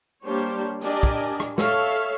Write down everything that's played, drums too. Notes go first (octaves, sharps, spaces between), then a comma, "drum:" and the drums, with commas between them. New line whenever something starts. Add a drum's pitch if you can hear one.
G3 A#3 D4 G4 C5 C#5
D4 G4 A#4 D5 D#5 G#5, drum: tambourine
drum: kick
drum: rim click
A4 C#5 E5 F5, drum: snare